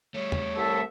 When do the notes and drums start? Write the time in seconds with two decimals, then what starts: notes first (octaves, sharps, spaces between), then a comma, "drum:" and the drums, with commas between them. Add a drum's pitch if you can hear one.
0.14 G3 A3 C#5
0.32 drum: tom E2
0.57 C2 A4 E5